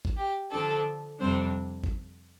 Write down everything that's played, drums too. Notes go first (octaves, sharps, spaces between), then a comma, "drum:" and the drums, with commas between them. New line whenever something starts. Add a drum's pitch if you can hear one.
drum: kick G#1
G4
D3 F3 D4 A4
F2 C3 G3 C4 D4 C5
drum: kick G#1